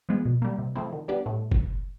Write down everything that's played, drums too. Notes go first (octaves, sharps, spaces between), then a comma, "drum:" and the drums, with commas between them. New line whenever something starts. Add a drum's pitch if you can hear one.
F3 G#3 B3
B2
G3 A#3
C3
F3 A3 C4 E4
D#3
G3 B3 D4 G4
A2
drum: kick F#1